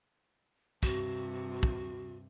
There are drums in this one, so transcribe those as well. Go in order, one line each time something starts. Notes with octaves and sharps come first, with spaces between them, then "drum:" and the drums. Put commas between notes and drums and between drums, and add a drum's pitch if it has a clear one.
G2 C3 F#4, drum: kick
drum: kick